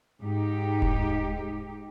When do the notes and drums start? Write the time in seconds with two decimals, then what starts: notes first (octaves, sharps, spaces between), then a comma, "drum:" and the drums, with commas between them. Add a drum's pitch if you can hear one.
0.21 G#2 D#4 G4
0.82 drum: kick D#1